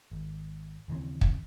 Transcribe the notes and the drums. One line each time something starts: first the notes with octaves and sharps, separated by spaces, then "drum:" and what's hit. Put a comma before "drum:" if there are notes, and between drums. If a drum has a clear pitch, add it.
G#1
D#2 C#3 E3 C4
drum: kick